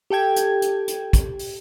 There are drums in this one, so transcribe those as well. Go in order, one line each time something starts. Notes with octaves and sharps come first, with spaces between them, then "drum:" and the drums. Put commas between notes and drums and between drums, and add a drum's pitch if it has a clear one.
G4 A4 G5 G#6
drum: hi-hat
drum: hi-hat
drum: hi-hat
drum: kick, hi-hat
drum: open hi-hat